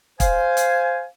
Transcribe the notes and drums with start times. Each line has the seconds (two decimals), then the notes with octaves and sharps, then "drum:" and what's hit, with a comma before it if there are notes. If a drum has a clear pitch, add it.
0.20 C5 F5 G#5, drum: kick, hi-hat
0.57 drum: hi-hat